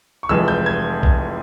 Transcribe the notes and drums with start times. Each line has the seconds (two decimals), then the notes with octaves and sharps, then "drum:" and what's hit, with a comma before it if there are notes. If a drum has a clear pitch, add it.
0.23 C#6
0.29 F1 F2 E3 G#3 E6
0.48 G6
0.66 G#6
1.03 drum: kick A#1